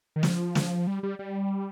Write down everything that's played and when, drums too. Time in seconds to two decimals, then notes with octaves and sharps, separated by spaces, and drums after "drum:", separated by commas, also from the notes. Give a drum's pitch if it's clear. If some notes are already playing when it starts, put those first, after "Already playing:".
0.16 D#3
0.23 F3, drum: snare
0.55 drum: snare
0.87 G3
1.03 G3
1.19 G3